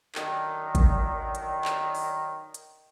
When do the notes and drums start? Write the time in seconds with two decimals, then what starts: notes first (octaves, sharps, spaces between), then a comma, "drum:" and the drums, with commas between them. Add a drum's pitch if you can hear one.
0.15 F#2 D3 D#3, drum: clap
0.75 drum: kick A1, hi-hat
1.35 drum: hi-hat
1.65 drum: clap
1.95 drum: open hi-hat
2.54 drum: hi-hat